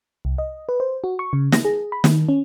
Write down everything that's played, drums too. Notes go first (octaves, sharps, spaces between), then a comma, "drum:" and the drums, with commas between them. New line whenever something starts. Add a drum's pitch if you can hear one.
C2
D#5
B4
C5
F#4
C#6
C#3
A#6, drum: snare
G#4
B5
D#3, drum: snare
C#4